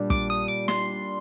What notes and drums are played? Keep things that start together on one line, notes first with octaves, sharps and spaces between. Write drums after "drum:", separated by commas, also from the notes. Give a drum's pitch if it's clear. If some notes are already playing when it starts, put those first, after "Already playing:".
Already playing: A#2 G3 D4
D6, drum: kick
D#6
D6
C6, drum: snare